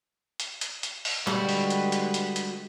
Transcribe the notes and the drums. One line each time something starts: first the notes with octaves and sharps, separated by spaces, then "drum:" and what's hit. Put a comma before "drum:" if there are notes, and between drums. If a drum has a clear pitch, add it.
drum: hi-hat
drum: hi-hat
drum: hi-hat
drum: open hi-hat
D3 G3 G#3 F#4 G4 B4, drum: clap
drum: open hi-hat
drum: hi-hat
drum: hi-hat
drum: hi-hat
drum: hi-hat